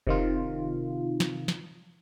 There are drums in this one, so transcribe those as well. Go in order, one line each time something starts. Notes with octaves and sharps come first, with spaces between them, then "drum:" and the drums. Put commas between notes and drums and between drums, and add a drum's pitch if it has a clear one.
C3 D#3 F4, drum: kick F1
drum: snare
drum: snare